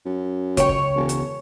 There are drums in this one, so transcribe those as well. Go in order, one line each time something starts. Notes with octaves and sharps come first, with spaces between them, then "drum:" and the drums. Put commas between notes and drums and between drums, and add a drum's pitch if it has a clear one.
F#2
C#2 C#5 G5, drum: kick, hi-hat
drum: kick
E1
drum: hi-hat